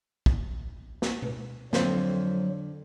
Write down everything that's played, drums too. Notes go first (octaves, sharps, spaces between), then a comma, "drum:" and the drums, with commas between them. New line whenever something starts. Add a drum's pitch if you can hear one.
drum: kick
drum: snare
drum: tom B2
F2 D3 F#3 C4 C5, drum: snare